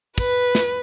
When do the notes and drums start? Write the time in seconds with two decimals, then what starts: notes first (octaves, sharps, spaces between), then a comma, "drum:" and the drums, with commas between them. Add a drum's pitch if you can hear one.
0.18 B4, drum: kick, tambourine
0.55 drum: snare